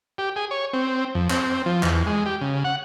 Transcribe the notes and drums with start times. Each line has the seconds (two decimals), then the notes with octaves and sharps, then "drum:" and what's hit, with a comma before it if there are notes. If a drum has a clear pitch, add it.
0.18 G4
0.36 G#4
0.51 C#5
0.73 C4
1.15 F2
1.30 C4, drum: clap
1.66 F3
1.83 E2, drum: clap
2.07 G#3
2.26 G4
2.41 C#3
2.65 F#5